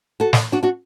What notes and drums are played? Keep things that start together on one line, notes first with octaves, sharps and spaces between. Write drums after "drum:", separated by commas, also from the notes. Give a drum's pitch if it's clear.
F#4 A4
drum: snare
D4 F#4
D4 F#4